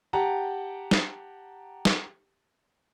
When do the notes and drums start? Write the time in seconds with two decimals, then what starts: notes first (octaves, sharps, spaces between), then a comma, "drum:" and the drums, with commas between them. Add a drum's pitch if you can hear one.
0.13 G4 F#5 G5 A5 A#5
0.91 drum: snare
1.85 drum: snare